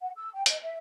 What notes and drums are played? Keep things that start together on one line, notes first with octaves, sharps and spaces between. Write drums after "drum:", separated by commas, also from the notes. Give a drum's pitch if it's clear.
F#5
E6
G5
D#5, drum: hi-hat
E5